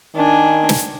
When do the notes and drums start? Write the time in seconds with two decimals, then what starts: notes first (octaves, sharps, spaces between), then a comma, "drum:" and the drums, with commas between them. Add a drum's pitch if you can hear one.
0.15 D#3 D4 G#5
0.69 drum: snare